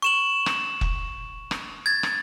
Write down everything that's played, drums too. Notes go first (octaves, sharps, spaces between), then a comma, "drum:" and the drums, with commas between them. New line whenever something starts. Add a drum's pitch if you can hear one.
C#6 E7 F#7
drum: rim click
drum: kick
drum: rim click
G#6 A6
drum: rim click